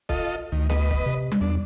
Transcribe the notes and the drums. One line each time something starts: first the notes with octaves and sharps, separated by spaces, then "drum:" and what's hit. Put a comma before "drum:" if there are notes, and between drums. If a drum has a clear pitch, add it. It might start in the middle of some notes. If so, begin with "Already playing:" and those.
F4 A4 D#5, drum: kick
D2 D#3
B4 D#5, drum: snare
drum: kick
C3
drum: tom G3
E2 D4